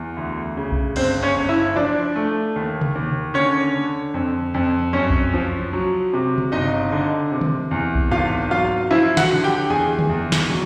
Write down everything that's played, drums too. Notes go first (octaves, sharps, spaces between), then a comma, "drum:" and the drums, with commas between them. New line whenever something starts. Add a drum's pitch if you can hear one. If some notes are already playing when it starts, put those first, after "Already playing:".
Already playing: E2
D2
C#3
drum: kick C2
G1 C4 C5, drum: open hi-hat
C#4 C#5
G1
E4 E5
F3 D4 D5
A3
D#2
drum: tom C3
D#2
D3 C#4 C#5
D3
F2
F2
F#2 C#4 C#5
drum: kick C2
F3
F#3
C3
drum: tom C3
G1 D#4 D#5
D3
C3
drum: tom D3
E2
drum: kick C2
G#1 F4 F5
F#3 F4 F5
F3 E4 E5
F#4 F#5, drum: snare
D3
G4 G5
E2 G#4 G#5
drum: tom D3
E2
drum: snare
F#3